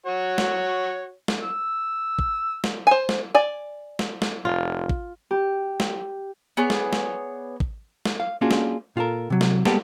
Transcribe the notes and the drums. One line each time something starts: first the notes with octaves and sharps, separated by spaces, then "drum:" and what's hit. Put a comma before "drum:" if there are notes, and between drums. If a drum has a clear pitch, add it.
F#4 C#5
drum: snare
drum: snare
E6
drum: kick
drum: snare
C5 G#5
drum: snare
D5 G#5
drum: snare
drum: snare
F1 F4
drum: kick
G4
drum: snare
B3 G#4 C#5 D5
drum: snare
drum: snare
drum: kick
drum: snare
F5
A#3 C#4 D4 F4 F#4 G#4
drum: snare
A#2 F4 F#4 A4 A#4
C3 F#3
drum: snare
G3 G#3 A#3 B3 G4 A4, drum: snare